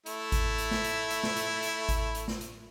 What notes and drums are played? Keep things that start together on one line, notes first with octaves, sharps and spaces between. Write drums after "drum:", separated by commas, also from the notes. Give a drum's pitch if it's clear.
A3 E4, drum: hi-hat
drum: kick G#1, hi-hat
drum: hi-hat
drum: snare
drum: hi-hat
drum: hi-hat
drum: snare
drum: hi-hat
drum: hi-hat
drum: kick G#1, hi-hat
drum: hi-hat
drum: snare
drum: hi-hat